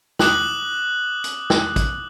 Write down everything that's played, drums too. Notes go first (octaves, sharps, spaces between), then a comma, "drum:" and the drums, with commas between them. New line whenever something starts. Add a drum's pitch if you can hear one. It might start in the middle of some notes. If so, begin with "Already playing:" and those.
D6 D#6 F#6 F#7, drum: snare
drum: hi-hat
drum: snare
drum: kick, hi-hat